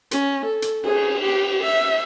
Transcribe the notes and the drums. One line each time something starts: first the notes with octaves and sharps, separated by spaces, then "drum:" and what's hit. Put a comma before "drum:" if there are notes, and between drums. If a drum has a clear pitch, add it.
C#4, drum: hi-hat
A4
drum: hi-hat
G#4, drum: cymbal
G4
E5